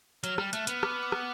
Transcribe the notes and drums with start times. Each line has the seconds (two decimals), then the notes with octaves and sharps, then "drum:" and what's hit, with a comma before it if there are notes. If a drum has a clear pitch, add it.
0.24 F#3 F6, drum: hi-hat
0.38 G3, drum: rim click
0.53 A3 F#6, drum: hi-hat
0.67 B3, drum: hi-hat
0.83 D6, drum: rim click
1.03 D6
1.12 drum: rim click